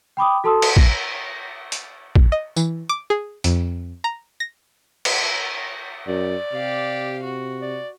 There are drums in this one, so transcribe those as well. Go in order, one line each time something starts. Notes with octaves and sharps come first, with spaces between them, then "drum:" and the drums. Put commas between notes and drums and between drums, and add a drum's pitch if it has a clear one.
G5 B5 D6 D#6
F#4 A4 A5 C6 D#6 E6
drum: cymbal
A#6, drum: kick A#1
drum: hi-hat
drum: kick A#1
D#5
E3, drum: tambourine
D6
G#4
F2, drum: hi-hat
A#5
A#6
drum: cymbal
F#2 D5
C3 G4 F5
F#4
D5